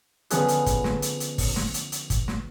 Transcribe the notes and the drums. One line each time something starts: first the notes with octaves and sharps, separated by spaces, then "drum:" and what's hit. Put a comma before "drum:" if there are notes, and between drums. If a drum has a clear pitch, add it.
D3 F3 B3 C#4 G#4 B4, drum: hi-hat
drum: hi-hat
drum: kick, hi-hat
drum: snare
drum: hi-hat
drum: hi-hat
drum: kick, open hi-hat
drum: snare
drum: hi-hat
drum: hi-hat
drum: kick, hi-hat
drum: snare